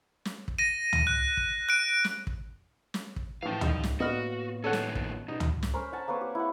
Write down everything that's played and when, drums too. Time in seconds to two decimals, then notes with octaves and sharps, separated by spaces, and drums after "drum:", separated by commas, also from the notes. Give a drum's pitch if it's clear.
0.25 drum: snare
0.48 drum: kick
0.59 A#6 D#7
0.93 drum: tom C#2
1.07 F#6
1.37 drum: kick
1.69 F#6 D7
2.04 drum: snare
2.27 drum: kick
2.94 drum: snare
3.16 drum: kick
3.42 A2 E3 F3 F5
3.61 C2 D#4, drum: tom C#2
3.83 drum: snare
4.00 A2 A#3 B3 F#4 D#5 F6
4.64 D#3 F3 C#4 A4 C#5 F#5
4.73 drum: snare
4.95 drum: kick
5.28 B2 D#4
5.40 drum: tom C#2
5.63 drum: snare
5.73 C#4 A#4 C5 B5
5.92 F#5 G#5 A5
6.08 A#3 C4 B4 C#5
6.21 G4
6.35 E4 A#4 F#5